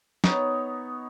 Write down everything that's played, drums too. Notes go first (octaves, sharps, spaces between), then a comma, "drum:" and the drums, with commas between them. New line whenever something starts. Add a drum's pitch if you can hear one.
B3 D#4 C#5, drum: snare